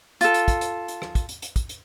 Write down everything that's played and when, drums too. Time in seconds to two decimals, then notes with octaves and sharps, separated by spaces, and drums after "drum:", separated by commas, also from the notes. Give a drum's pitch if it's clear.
0.21 F4 A4, drum: hi-hat
0.34 drum: hi-hat
0.48 drum: kick, hi-hat
0.61 drum: hi-hat
0.88 drum: hi-hat
1.02 drum: rim click
1.15 drum: kick, hi-hat
1.29 drum: hi-hat
1.42 drum: hi-hat
1.56 drum: kick, hi-hat
1.69 drum: hi-hat